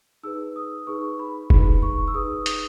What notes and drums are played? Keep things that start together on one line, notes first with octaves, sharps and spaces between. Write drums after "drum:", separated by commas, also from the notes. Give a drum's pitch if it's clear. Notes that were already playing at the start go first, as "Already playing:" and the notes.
D#4 G#4 B4 E6
D#6
D#4 G#4 B4 C#6
B5
D#4 G#4 B4 B5, drum: kick F1
C#6
E6
D#4 G#4 B4 D#6
D#6, drum: hi-hat